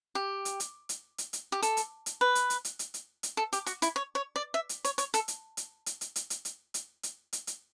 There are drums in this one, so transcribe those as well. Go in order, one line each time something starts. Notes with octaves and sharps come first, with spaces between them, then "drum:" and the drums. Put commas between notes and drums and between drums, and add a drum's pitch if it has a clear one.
G4
drum: hi-hat
drum: hi-hat
drum: hi-hat
drum: hi-hat
drum: hi-hat
G4
A4, drum: hi-hat
drum: hi-hat
drum: hi-hat
B4
drum: hi-hat
drum: hi-hat
drum: hi-hat
drum: hi-hat
drum: hi-hat
drum: hi-hat
A4
G4, drum: hi-hat
F#4, drum: hi-hat
E4, drum: hi-hat
C#5
C#5
D5
E5
drum: hi-hat
C#5, drum: hi-hat
C#5, drum: hi-hat
A4, drum: hi-hat
drum: hi-hat
drum: hi-hat
drum: hi-hat
drum: hi-hat
drum: hi-hat
drum: hi-hat
drum: hi-hat
drum: hi-hat
drum: hi-hat
drum: hi-hat
drum: hi-hat